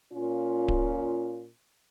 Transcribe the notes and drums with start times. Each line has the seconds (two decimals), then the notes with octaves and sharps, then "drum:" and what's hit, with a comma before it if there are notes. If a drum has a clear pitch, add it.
0.13 A#2 C#4 F4
0.68 drum: kick D1